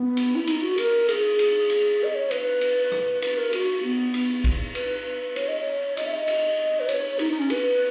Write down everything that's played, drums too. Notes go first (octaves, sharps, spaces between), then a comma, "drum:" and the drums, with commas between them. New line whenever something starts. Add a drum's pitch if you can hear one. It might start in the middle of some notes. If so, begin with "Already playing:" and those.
Already playing: B3
drum: cymbal
E4
D#4, drum: cymbal
F#4
A#4, drum: cymbal
G#4, drum: cymbal
drum: cymbal
drum: cymbal
D#5
C#5
B4, drum: cymbal
drum: cymbal
drum: rim click
B4, drum: cymbal
A#4
F#4, drum: cymbal
B3
drum: cymbal
drum: kick, cymbal
B4, drum: cymbal
C#5, drum: cymbal
D#5
C#5
D#5, drum: cymbal
E5
D#5
drum: cymbal
B4
C#5, drum: cymbal
D#4, drum: cymbal
D#4
C#4
B4, drum: cymbal